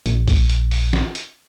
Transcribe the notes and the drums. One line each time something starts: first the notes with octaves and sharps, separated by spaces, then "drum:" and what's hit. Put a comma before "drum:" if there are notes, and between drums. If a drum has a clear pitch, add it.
A#1, drum: hi-hat
drum: kick, open hi-hat
drum: hi-hat
drum: open hi-hat
drum: snare
drum: hi-hat